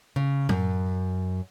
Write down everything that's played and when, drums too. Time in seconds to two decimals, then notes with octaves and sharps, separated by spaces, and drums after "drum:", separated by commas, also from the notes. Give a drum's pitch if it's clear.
0.16 C#3
0.49 F#2, drum: tom A2